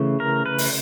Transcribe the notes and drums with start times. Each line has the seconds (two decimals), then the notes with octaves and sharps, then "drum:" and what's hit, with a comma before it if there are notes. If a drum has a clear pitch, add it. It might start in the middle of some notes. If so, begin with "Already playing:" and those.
Already playing: C#3 E3 A3
0.20 A#4
0.46 B4
0.58 drum: open hi-hat